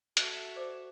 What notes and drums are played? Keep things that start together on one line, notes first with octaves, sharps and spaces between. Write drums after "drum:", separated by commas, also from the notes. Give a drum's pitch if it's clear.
F#4 A4 E5, drum: hi-hat
C5 D5 D6